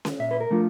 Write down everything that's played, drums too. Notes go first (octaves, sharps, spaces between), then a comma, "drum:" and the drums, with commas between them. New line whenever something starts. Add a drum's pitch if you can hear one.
drum: snare C#4
A#2 E5
B4
A#4
F3 A3 D4 F4